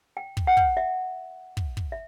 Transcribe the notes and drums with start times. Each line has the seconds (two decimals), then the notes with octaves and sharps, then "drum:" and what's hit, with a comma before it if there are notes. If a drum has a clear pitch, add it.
0.17 G5
0.37 drum: kick
0.47 F#5
0.57 drum: kick
0.77 E5
1.57 drum: kick
1.77 drum: kick
1.92 E5